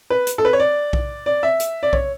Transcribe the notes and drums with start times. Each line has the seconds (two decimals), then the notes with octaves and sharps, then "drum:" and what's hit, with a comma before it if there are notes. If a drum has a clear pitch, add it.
0.10 B4
0.27 drum: hi-hat
0.38 A4
0.45 B4
0.53 C#5
0.60 D5
0.93 drum: kick B1
1.26 D5
1.43 E5
1.60 drum: hi-hat
1.83 D5
1.93 C#5, drum: kick B1